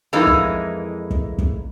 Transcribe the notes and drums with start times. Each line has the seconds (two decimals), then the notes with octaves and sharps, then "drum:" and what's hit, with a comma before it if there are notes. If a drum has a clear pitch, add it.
0.13 F2 E3 G#3 A#3 D#4
0.27 drum: kick
1.10 drum: kick
1.38 drum: kick